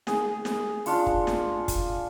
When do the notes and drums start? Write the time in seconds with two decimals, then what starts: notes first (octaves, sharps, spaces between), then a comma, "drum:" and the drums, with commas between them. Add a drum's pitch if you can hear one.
0.07 G#4, drum: snare
0.45 drum: snare
0.86 D4 F4 C#6, drum: open hi-hat
1.06 drum: kick
1.27 drum: snare
1.68 drum: kick, hi-hat